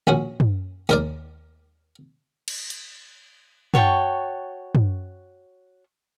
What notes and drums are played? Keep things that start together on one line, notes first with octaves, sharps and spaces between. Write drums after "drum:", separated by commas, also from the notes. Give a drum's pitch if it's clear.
A#1 C#4 F#4
drum: tom
D#2 A#4 D5, drum: tambourine
drum: cymbal
drum: hi-hat
F#4 C#5 G5 A5, drum: tom
drum: tom